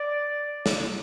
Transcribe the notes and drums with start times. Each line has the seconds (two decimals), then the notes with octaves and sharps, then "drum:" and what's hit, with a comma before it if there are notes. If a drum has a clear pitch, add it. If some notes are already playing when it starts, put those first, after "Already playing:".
Already playing: D5
0.66 drum: snare